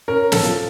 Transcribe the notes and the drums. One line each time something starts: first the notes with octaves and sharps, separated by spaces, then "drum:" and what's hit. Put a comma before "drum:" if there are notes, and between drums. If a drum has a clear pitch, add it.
C#4 A#4
A4, drum: snare
F3